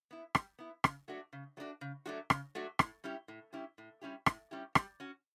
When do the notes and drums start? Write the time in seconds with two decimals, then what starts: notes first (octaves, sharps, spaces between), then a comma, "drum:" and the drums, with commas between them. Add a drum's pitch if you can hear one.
0.11 B3 E4
0.35 G3, drum: rim click
0.59 B3 E4
0.84 C#3, drum: rim click
1.08 F#3 A3 D4 F#4
1.33 C#3
1.57 F#3 A3 D4 F#4
1.81 C#3
2.06 F#3 A3 D4 F#4
2.30 C#3, drum: rim click
2.55 F#3 A3 D4 F#4
2.79 A2, drum: rim click
3.04 G3 C#4 E4 G4
3.28 A2
3.53 G3 C#4 E4 G4
3.78 A2
4.01 G3 C#4 E4 G4
4.26 A2, drum: rim click
4.51 G3 C#4 E4 G4
4.75 G3, drum: rim click
5.00 C#4 F#4